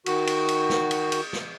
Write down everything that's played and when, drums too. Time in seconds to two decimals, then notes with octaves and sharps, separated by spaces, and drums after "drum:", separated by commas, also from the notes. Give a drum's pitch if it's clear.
0.06 D#3 F#4, drum: cymbal
0.27 drum: cymbal
0.48 drum: cymbal
0.70 drum: snare
0.91 drum: cymbal
1.12 drum: cymbal
1.33 drum: snare